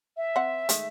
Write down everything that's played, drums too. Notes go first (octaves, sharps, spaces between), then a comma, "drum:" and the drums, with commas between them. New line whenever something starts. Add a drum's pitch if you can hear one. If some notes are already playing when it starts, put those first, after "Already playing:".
E5
C4 F#5
D#3 G#3 A3, drum: hi-hat